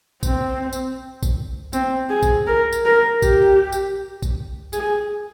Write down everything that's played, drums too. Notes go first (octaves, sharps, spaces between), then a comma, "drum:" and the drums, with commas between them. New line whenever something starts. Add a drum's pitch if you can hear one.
C4, drum: kick, tambourine
drum: tambourine
drum: kick, tambourine
C4, drum: tambourine
G#4
drum: kick, tambourine
A#4
drum: tambourine
A#4
G4, drum: kick, tambourine
drum: tambourine
drum: kick, tambourine
G#4, drum: tambourine